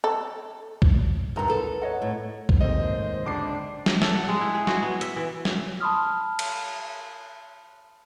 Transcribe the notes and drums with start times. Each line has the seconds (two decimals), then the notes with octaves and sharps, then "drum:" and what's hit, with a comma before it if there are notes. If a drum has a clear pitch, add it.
0.04 A4
0.82 drum: kick
1.36 G2 D3 D#4 A#4 A#5
1.48 B3 A4
1.81 C#5 D#5 F#5
2.02 A2
2.49 drum: kick
2.61 D#2 G#2 A3 C4 C5 D#5
3.25 C#2 D3 D4 D6 C7
3.86 drum: snare
4.02 A4, drum: snare
4.15 F#5
4.29 G#3
4.41 E4
4.55 G#4
4.67 F#4, drum: snare
4.82 B3
5.01 E5, drum: hi-hat
5.16 E3
5.45 drum: snare
5.80 A5 B5 C6 D#6 F6
6.39 drum: cymbal